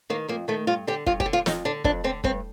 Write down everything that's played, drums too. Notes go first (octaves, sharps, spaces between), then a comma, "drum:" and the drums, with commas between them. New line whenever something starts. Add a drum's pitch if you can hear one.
D#3 A#3
F2 A#3
D#3 A3
G2 F4
D3 G4
G2 F4, drum: kick
G4, drum: kick
D3
F4
F2 D#4, drum: snare
D3 D4
F2 D4, drum: kick
D3 C4
G2 C4, drum: kick